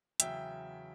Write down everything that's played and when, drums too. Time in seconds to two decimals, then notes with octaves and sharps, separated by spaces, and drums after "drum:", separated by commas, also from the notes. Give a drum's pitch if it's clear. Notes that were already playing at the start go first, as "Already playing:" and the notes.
0.20 E2 C#3 F#3 E5 G5, drum: hi-hat